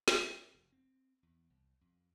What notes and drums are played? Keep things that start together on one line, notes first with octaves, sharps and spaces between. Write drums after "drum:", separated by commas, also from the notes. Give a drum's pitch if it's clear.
drum: snare
F2
F1
C4
E2
C2
F2